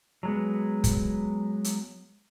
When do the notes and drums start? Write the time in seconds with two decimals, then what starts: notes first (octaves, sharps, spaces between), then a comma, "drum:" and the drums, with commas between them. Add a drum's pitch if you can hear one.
0.23 F#3 G#3 B3
0.84 drum: kick, hi-hat
1.64 drum: hi-hat